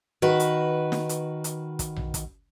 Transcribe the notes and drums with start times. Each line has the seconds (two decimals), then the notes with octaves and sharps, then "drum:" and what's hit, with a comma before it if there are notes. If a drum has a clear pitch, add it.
0.22 D#3 F#4 B4
0.40 drum: hi-hat
0.92 drum: snare
1.09 drum: hi-hat
1.44 drum: hi-hat
1.79 drum: kick, hi-hat
1.96 drum: tom A#1
2.14 drum: kick, hi-hat